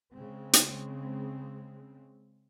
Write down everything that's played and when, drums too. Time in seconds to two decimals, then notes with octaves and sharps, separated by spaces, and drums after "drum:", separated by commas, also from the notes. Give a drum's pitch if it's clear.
0.14 C#3 G#3 C4
0.53 drum: hi-hat